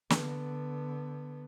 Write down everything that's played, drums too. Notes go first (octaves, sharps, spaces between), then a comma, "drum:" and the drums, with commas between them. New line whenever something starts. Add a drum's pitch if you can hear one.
D3 B3, drum: snare